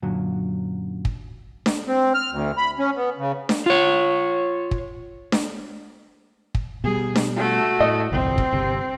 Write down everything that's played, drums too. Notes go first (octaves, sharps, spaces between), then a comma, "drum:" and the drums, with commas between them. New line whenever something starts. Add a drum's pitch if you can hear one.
F#2 A#2 D3 F#3
drum: kick
drum: snare D4
C4
F6
D2
B5
C#4
B3
C#3
drum: snare D4
F4 C#5
drum: kick
drum: snare D4
drum: kick
B2 G3 G#4
drum: snare D4
A3 F#4
A2 D#5
G1 C2 F2 C4
drum: kick
G1 C3